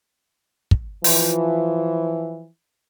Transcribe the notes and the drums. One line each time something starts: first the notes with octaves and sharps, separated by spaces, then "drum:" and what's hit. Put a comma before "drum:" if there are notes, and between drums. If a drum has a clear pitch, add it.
drum: kick
E3 F3, drum: open hi-hat